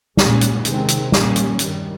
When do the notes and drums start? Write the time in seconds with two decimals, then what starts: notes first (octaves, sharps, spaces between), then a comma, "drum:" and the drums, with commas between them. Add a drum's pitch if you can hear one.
0.17 A#2 G#3 C#4, drum: snare
0.41 drum: hi-hat
0.65 C3 D#3 G#3 C4, drum: hi-hat
0.88 drum: hi-hat
1.12 A#2 G3 A#3 C#4, drum: snare
1.36 drum: hi-hat
1.59 G2 D#3 G3, drum: hi-hat